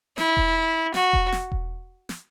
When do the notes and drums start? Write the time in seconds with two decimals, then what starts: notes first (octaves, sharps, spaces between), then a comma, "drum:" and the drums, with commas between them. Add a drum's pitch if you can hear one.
0.18 E4, drum: snare
0.37 drum: kick E1
0.94 F#4, drum: snare
1.13 drum: kick E1
1.32 drum: snare
1.52 drum: kick E1
2.09 drum: snare